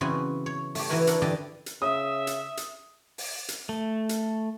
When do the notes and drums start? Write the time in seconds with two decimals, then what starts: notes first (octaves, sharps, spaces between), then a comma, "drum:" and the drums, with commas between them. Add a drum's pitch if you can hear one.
0.01 C#3 E3 B3 C4 F#4 G#5
0.46 C#5
0.75 A3 G4, drum: open hi-hat
0.89 E3 E4 F#4 A#4 B4 C#5
1.07 D4 E4 A4 A#4 F#5, drum: hi-hat
1.22 D3 E3 G4 D#5 G5 A5
1.66 drum: hi-hat
1.82 C#3 E5 D#6
2.27 drum: hi-hat
2.57 drum: hi-hat
3.18 drum: open hi-hat
3.48 drum: hi-hat
3.69 A3
4.09 drum: hi-hat